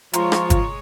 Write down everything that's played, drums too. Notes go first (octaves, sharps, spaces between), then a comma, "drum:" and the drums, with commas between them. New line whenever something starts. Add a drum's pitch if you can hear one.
F3 G#3 F4 C#5 A#5 C6, drum: hi-hat
drum: rim click
drum: kick, hi-hat